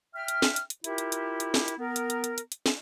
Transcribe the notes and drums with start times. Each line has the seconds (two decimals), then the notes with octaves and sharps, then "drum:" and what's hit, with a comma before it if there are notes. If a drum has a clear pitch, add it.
0.14 E5 G5 F6
0.28 drum: hi-hat
0.42 drum: snare
0.56 drum: hi-hat
0.70 drum: hi-hat
0.84 E4 F4 G4 A#4 E5, drum: hi-hat
0.98 drum: hi-hat
1.12 drum: hi-hat
1.40 drum: hi-hat
1.54 drum: snare
1.68 drum: hi-hat
1.79 B3 A#4
1.96 drum: hi-hat
2.10 drum: hi-hat
2.24 drum: hi-hat
2.38 drum: hi-hat
2.52 drum: hi-hat
2.66 drum: snare